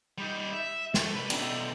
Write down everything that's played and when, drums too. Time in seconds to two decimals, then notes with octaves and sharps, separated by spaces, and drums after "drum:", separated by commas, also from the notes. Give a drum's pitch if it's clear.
0.18 G3 D#4
0.53 E5
0.94 G#2 A3, drum: snare
1.14 C2 B4
1.30 B2 A3, drum: cymbal